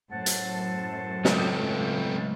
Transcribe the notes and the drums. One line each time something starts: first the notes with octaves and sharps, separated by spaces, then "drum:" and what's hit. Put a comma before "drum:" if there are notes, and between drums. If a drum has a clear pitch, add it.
F#2 A2 C5 F#5 A5
drum: hi-hat
C#2 A3 C4, drum: snare